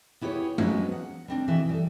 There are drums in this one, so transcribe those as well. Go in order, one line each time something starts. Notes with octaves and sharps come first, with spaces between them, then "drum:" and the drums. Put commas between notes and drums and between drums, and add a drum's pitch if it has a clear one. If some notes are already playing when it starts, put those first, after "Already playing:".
B3 E4 G4 G#4 C#5
F3 F#3 G#3 B3 C#4, drum: tom G#3
F#5
G3 C4 D4
B2 E3 G#4 E5
G3 A4